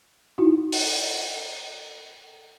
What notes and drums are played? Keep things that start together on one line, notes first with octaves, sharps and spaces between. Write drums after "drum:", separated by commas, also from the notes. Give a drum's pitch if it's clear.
D#4 E4 F#4
drum: open hi-hat